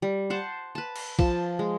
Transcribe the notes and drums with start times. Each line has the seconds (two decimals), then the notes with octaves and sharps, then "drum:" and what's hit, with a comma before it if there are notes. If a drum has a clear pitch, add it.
0.02 G3
0.30 C5 F#5 A5
0.75 B4 A5
0.96 drum: cymbal
1.19 F3 A5, drum: kick B1
1.59 G#3